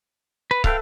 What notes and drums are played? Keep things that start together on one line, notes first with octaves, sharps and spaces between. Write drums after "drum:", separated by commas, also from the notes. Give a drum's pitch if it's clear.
B4
A4 B4 E5 F5 G5, drum: kick